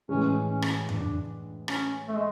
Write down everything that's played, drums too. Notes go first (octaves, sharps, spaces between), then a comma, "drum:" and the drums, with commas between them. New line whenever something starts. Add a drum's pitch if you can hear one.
A2 E3 G#3 C#4
C#4
drum: rim click
D4, drum: tom F2
C#4, drum: rim click
A3
G#3